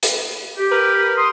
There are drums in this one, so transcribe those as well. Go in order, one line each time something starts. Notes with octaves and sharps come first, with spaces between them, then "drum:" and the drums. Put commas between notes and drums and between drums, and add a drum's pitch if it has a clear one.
drum: hi-hat
G4
A#4 B4
C6 D#6